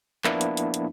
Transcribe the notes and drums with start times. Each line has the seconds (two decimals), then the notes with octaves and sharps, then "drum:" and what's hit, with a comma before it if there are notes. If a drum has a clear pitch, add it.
0.24 F3 A#3 B3 D4 E4, drum: clap
0.41 drum: hi-hat
0.57 drum: hi-hat
0.74 drum: hi-hat